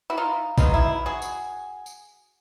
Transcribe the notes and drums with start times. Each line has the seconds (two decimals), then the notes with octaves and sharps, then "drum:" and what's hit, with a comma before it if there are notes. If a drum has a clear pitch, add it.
0.10 E4 F#4
0.17 D#4 F4
0.58 C#3 F#3 B3 D#4 F4, drum: kick A#1, tambourine
0.74 E4
1.06 F#4 G#4
1.22 drum: tambourine
1.86 drum: tambourine